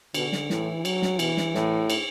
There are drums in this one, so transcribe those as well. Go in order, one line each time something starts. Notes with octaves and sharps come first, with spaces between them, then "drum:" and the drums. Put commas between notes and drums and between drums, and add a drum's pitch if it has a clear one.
B2 D3, drum: cymbal
drum: snare
A2 E3, drum: snare
F#3, drum: cymbal
drum: snare
B2 E3, drum: cymbal
drum: snare
A2, drum: snare
drum: cymbal